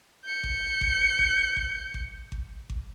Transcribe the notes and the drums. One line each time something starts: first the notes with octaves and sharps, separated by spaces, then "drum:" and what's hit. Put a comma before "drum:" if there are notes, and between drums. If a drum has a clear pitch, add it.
G6 C#7
drum: kick G#1
drum: kick G#1
drum: kick G#1
drum: kick G#1
drum: kick G#1
drum: kick G#1
drum: kick G#1